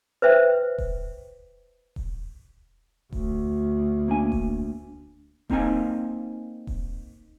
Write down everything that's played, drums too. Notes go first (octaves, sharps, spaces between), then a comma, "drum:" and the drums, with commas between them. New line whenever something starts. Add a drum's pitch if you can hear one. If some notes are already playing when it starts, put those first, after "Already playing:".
B4 C5 E5 G5
drum: kick D#1
drum: kick D#1
D2, drum: kick D#1
A#3 D4 G#5
drum: kick D#1
A#3 C4 D#4 F5 G#5, drum: kick D#1
drum: kick D#1